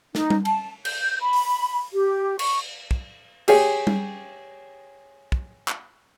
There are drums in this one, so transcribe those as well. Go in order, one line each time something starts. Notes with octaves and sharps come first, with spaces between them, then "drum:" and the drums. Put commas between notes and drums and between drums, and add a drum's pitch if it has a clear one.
D#4, drum: snare
drum: tom G3
A5, drum: cymbal
G6, drum: cymbal
B5
drum: open hi-hat
G4
C#6, drum: cymbal
drum: kick
G4 G#4 C#5, drum: cymbal
drum: tom G3
drum: kick
drum: clap